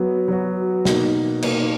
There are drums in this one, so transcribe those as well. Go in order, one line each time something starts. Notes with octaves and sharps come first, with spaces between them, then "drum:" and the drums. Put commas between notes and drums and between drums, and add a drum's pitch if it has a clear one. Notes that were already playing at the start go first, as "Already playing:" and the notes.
Already playing: F#3 B3 F#4
F#3 B3 F#4
B2 A#3 D#4, drum: snare
B2 A#3 D#4, drum: cymbal